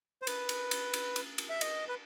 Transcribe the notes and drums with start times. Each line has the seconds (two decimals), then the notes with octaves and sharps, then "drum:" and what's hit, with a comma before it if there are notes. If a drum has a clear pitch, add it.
0.22 C5
0.27 B4, drum: cymbal
0.49 drum: cymbal
0.71 drum: cymbal
0.94 drum: cymbal
1.16 drum: cymbal
1.38 drum: cymbal
1.50 E5
1.61 D#5, drum: cymbal
1.88 B4